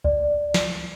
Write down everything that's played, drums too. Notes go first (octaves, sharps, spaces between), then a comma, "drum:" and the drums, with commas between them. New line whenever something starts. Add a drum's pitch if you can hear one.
D5, drum: kick C#2
drum: snare